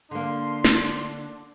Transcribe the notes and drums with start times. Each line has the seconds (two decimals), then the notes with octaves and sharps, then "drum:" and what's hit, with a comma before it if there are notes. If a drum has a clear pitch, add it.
0.11 D3 A#3 D4 C6
0.64 drum: snare